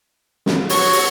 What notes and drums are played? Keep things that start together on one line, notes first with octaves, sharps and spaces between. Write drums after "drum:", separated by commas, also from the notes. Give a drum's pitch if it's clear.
drum: snare
F#4 C#5 C#6, drum: open hi-hat
drum: open hi-hat